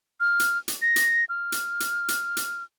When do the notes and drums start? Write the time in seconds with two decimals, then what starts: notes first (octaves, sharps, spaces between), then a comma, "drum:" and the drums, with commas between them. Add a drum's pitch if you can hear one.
0.20 F6
0.40 drum: hi-hat
0.68 drum: hi-hat
0.82 A#6
0.96 drum: hi-hat
1.29 F6
1.52 drum: hi-hat
1.80 drum: hi-hat
2.08 drum: hi-hat
2.37 drum: hi-hat